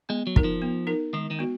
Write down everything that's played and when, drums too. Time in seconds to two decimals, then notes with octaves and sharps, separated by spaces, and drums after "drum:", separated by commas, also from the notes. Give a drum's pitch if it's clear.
0.09 G#3 B3
0.27 F#3
0.36 D#4 A#4, drum: kick
0.44 F3
0.62 B3
0.87 D#4 A#4
1.13 D#3 G#3
1.31 D#3
1.39 B3 F#4